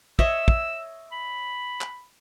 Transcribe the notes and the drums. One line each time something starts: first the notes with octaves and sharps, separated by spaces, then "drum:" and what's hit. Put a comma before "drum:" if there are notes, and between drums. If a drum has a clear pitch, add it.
C#5 D#5 E5 E6, drum: kick
drum: kick
B5
drum: clap